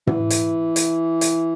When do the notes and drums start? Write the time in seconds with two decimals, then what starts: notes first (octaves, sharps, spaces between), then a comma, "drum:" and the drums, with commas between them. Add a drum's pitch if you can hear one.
0.07 E3, drum: tom
0.30 drum: hi-hat
0.76 drum: hi-hat
1.21 drum: hi-hat